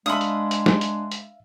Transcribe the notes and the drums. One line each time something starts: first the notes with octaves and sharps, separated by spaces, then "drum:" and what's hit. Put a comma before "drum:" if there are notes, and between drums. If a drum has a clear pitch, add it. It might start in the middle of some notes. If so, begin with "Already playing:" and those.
G#3 D4 E5 F5 B5 D#6
drum: hi-hat
drum: hi-hat
drum: snare
drum: hi-hat
drum: hi-hat